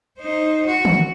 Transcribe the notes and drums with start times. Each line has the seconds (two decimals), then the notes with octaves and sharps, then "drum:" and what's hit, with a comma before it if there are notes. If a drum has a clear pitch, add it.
0.19 D#4 C5
0.66 F#4
0.85 drum: tom